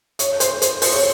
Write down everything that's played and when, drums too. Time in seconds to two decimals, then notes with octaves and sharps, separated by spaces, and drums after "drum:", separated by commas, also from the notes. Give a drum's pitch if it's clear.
0.19 C#5, drum: hi-hat
0.40 C5, drum: hi-hat
0.62 C5, drum: hi-hat
0.82 C5, drum: open hi-hat
0.92 C#5